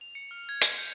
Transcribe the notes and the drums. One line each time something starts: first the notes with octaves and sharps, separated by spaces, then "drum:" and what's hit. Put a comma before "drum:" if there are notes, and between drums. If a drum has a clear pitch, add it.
F7
C#7
F6
G#6
drum: hi-hat
G6